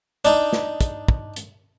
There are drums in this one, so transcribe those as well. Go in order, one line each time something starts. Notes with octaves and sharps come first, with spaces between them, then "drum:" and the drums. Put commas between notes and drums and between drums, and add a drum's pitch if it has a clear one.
D4 D#4, drum: hi-hat
drum: snare
drum: kick, hi-hat
drum: kick
drum: hi-hat